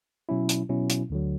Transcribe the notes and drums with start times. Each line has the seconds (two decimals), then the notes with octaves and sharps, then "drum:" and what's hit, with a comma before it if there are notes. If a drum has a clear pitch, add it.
0.29 B2 F#3 C#4 E4
0.49 drum: hi-hat
0.69 B2 F#3 C#4 E4
0.90 drum: hi-hat
1.10 D2 D3 F#3